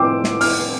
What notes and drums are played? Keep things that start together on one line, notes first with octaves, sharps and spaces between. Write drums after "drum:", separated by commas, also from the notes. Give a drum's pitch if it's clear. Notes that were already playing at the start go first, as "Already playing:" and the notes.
Already playing: A2 F3 C4 G5 C6 D6 E6
drum: snare
F6, drum: open hi-hat